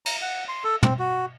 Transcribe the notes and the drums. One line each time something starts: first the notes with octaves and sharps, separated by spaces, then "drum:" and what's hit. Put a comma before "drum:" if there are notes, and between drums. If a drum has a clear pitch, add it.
A#5, drum: cymbal
F#5
C6
A4
C4, drum: tom
F#4